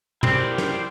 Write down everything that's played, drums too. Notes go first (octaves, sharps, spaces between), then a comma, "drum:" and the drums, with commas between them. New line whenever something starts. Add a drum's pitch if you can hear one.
C4 E4 G4 A#4 C5 D5, drum: tom
drum: snare